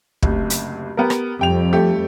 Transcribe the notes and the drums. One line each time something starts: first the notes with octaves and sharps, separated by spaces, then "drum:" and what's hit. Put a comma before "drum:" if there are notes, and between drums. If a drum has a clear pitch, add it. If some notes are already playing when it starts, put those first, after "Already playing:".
F#1 D2 C3, drum: kick
drum: hi-hat
B3 G4 A#4
drum: rim click
F2 C3 G3 G5 F7
A3 G4